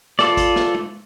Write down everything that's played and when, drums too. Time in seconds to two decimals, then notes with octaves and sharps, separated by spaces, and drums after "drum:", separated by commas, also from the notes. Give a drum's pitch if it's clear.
0.19 F4 A4 D5, drum: snare
0.37 drum: kick, hi-hat
0.56 drum: snare
0.74 drum: tom